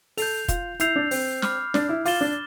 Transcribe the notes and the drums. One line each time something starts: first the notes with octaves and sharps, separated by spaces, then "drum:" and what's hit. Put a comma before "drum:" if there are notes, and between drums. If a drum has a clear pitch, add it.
A4 G6 C7 F7, drum: open hi-hat
F4, drum: kick F1, hi-hat
E4 E6 G6 C7 F7, drum: hi-hat
D4
C4, drum: open hi-hat
B5 D6 F6, drum: snare
D4, drum: snare
E4
F4 D6 A6 E7 G7, drum: open hi-hat
D4